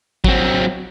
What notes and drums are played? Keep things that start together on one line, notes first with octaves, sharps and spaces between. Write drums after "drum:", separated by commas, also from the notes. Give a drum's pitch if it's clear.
F#3 C4, drum: kick